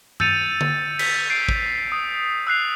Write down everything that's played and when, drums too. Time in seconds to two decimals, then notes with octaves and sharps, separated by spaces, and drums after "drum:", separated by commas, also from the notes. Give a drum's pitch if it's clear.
0.20 E6 G6 A6 C#7 D#7 F7, drum: tom G2
0.61 drum: tom D3
0.99 B6, drum: cymbal
1.29 G6 C7 D7
1.49 drum: kick
1.92 D#6
2.47 E6 F#6 C7 F7